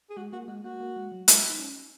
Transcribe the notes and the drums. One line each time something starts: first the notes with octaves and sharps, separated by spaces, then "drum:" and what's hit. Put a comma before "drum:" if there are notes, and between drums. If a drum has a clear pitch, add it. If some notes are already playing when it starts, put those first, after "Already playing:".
G#4
G#3 F#4
A#3 F#4
G#3 F#4
A#3 F#4
A#3
G#3
F#3
G#3, drum: hi-hat
D#4
C#4